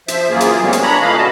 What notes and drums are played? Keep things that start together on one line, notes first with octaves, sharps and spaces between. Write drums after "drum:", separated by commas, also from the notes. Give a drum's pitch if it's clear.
F3 C5 E5, drum: hi-hat
F#2 E3 A#3 F4 G#4
drum: hi-hat
C3 G3 G#3 A#3 B3 C#4
drum: hi-hat
D4 C#5 A#5 B5
A#2 E3 A3 D#5 F5 B5
F#2 C#3 G3 F#4 D#5 A5